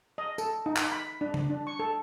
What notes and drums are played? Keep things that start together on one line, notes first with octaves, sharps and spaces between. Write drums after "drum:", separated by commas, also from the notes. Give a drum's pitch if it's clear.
D#5
A4, drum: tambourine
D#4
drum: clap
B5
D4
drum: tom C#3
D4
C#6
A4